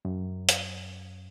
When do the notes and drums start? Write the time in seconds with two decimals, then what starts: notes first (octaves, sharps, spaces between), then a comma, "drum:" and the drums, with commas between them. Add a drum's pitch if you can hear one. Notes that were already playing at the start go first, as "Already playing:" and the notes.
0.05 F#2
0.49 drum: hi-hat